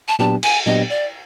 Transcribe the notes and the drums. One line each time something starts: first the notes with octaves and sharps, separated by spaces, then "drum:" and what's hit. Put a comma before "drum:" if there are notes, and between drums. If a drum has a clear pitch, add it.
A5
A#2 F#3 B3 D4 G4 A5
G#5, drum: cymbal
A#2 F#3 B3 D4 G4 D#5
D5